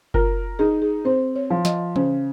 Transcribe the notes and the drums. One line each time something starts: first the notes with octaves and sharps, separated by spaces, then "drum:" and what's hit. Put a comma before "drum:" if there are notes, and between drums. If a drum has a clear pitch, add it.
F4 A#4, drum: kick F#1
D#4 G#4
G#4
C4 C5
C#5
F3
D#5, drum: snare
C#3 C5, drum: tom E3